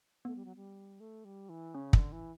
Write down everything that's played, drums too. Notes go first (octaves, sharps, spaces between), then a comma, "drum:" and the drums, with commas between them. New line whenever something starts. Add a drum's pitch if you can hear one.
A3 B3
G3
F#3
G3
A3
G3
E3
C#3 C#4
D3, drum: kick
E3